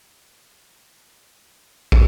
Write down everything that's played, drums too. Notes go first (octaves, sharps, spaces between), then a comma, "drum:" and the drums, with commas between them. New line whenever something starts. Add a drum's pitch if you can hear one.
D3 E5 A#5
drum: kick